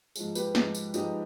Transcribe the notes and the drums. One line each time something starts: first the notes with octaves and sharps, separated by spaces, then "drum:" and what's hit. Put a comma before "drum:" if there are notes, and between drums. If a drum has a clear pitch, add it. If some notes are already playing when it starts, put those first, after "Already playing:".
G#2 F3 G#3, drum: tambourine
G4 B4, drum: tambourine
G#2 F3 G#3, drum: snare
drum: tambourine
G#2 F3 G#3 D#4 G4, drum: tambourine